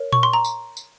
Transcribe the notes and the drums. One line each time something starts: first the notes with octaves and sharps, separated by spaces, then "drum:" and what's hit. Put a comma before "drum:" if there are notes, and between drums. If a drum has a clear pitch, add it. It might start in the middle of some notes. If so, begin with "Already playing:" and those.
Already playing: A#4 C#5
C#6, drum: tom A#2
C6
A#5
drum: tambourine
drum: tambourine